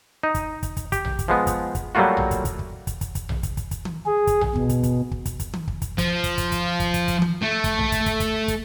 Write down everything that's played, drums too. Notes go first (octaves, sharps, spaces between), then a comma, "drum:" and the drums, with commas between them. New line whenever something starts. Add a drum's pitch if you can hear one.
D#4
drum: kick, hi-hat
drum: kick, hi-hat
drum: kick, hi-hat
G4, drum: kick, hi-hat
drum: tom A#1
drum: kick, hi-hat
F3 G#3 B3
drum: kick, hi-hat
drum: kick, hi-hat
F#3 G3 A3 A#3 F4 F#4
drum: tom A#1
drum: kick, hi-hat
drum: kick, hi-hat
drum: kick
drum: kick, hi-hat
drum: kick, hi-hat
drum: kick, hi-hat
drum: tom A#1
drum: kick, hi-hat
drum: kick, hi-hat
drum: kick, hi-hat
drum: tom D#3
G#4
drum: kick, hi-hat
drum: tom A#1
B2, drum: kick
drum: kick, hi-hat
drum: kick, hi-hat
drum: kick
drum: kick, hi-hat
drum: kick, hi-hat
drum: tom D#3
drum: kick
drum: kick, hi-hat
F3, drum: kick, hi-hat
drum: kick, hi-hat
drum: kick, hi-hat
drum: kick, hi-hat
drum: kick, hi-hat
drum: kick, hi-hat
drum: kick, hi-hat
drum: tom D#3
A3
drum: kick, hi-hat
drum: tom A#1
drum: kick, hi-hat
drum: kick, hi-hat
drum: kick, hi-hat
drum: kick, hi-hat